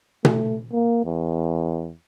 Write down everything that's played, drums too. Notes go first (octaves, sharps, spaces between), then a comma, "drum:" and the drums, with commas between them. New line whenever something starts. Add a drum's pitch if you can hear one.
A3, drum: tom B2
A#3
E2